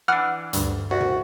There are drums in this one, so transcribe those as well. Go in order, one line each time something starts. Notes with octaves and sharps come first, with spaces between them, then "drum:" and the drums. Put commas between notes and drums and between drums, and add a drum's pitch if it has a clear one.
E3 D4 F#5 F6
D2 G2, drum: hi-hat
C2 F#4
drum: tom